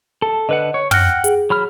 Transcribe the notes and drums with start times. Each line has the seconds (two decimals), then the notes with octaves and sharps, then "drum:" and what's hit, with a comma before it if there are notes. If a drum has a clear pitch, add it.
0.22 A4
0.49 D3 B4 D#5 F#5
0.74 C#5
0.91 F#5 G5 F6 F#6 A#6, drum: tom
1.24 G#4, drum: hi-hat
1.50 F#3 B5 F6